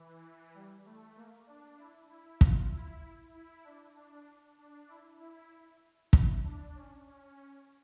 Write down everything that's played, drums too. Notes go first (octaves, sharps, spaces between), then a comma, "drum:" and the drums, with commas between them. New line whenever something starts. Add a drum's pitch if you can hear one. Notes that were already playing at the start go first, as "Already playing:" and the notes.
Already playing: E3
G3
A3
A#3
D4
E4
E4
F4, drum: kick
E4
E4
E4
D4
D4
D4
E4
E4
E4, drum: kick
D4
C#4
C#4
C#4